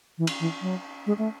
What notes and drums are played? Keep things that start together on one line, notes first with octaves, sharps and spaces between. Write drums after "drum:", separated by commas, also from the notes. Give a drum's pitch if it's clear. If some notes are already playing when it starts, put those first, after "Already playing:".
E3
drum: cymbal
E3
F#3
G#3
A3